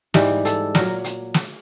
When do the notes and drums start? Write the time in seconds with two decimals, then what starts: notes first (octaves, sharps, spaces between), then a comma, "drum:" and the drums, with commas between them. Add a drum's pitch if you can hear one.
0.14 G#2 E3 G3 G4, drum: snare
0.45 A4, drum: hi-hat
0.75 A#2 F#3 A#4, drum: snare
1.04 drum: hi-hat
1.34 drum: snare